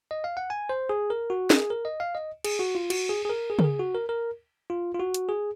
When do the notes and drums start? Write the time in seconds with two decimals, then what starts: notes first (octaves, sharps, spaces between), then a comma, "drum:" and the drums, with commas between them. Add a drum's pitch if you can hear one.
0.11 D#5
0.24 F5
0.37 F#5
0.50 G#5
0.69 C5
0.89 G#4
1.10 A#4
1.30 F#4
1.50 G#4, drum: snare
1.70 A#4
1.85 D#5
2.00 F5
2.15 D#5
2.44 G#4, drum: cymbal
2.59 F#4
2.75 F4
2.90 F#4, drum: cymbal
3.09 G#4
3.25 G#4
3.29 A#4
3.50 G#4
3.59 A#4, drum: tom C#3
3.64 G#4
3.79 F#4
3.95 A#4
4.09 A#4
4.70 F4
4.95 F4
5.00 F#4
5.14 drum: hi-hat
5.29 G#4